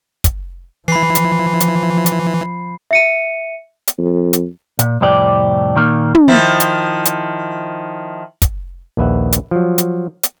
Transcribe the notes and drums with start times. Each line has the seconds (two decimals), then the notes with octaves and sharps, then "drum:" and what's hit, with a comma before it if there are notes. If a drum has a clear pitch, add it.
0.24 drum: kick, hi-hat
0.88 E3 F3 B5 C7
1.15 drum: hi-hat
1.60 drum: hi-hat
2.06 drum: hi-hat
2.91 E5 C#7 D#7
3.87 drum: hi-hat
3.98 F2
4.33 drum: hi-hat
4.79 A#2, drum: hi-hat
5.01 C2 F2 A2 G4 D5
5.76 A#2 D#3 A#3
6.15 drum: tom
6.28 D#3 F3 E4
6.60 drum: hi-hat
7.05 drum: hi-hat
8.42 drum: kick, hi-hat
8.97 A#1 D#2 B4 E5 F#5
9.32 drum: hi-hat
9.51 F3 F#3
9.78 drum: hi-hat
10.23 drum: hi-hat